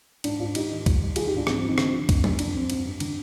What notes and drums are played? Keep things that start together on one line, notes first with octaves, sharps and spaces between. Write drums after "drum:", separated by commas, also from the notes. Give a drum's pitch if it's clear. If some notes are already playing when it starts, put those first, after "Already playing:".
G#2 D4, drum: cymbal
G#2 D4 F4
G#2 D#4 G4, drum: cymbal
D#3
G3, drum: kick C2, cymbal
G3
D#3 F4 G#4, drum: cymbal
D#4 G4
G#2
D4 F4
F3 C4 D#4, drum: rim click
C4
F3
C4 D#4
D3, drum: rim click
F3
F2, drum: kick C2, cymbal
F2, drum: tom F#3
F2 D4, drum: cymbal
F2 C4
G2, drum: cymbal
G2
D3, drum: cymbal